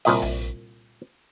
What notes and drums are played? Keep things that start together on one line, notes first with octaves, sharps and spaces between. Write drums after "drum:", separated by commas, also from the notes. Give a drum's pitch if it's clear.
C2 A#2 D#5, drum: open hi-hat
drum: tom A#1